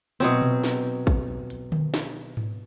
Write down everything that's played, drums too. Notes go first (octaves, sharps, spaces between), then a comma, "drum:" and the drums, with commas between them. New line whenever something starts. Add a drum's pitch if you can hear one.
B2 F#3 C4, drum: hi-hat
drum: tom B2
drum: snare
drum: kick, hi-hat
drum: hi-hat
drum: tom D3
drum: snare
drum: tom G#2